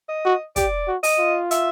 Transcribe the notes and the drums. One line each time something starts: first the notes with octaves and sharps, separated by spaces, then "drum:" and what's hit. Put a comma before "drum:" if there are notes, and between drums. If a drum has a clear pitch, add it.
D#5
F#4
G4 D5, drum: kick, hi-hat
F#4
D#5, drum: open hi-hat
F4
E5, drum: hi-hat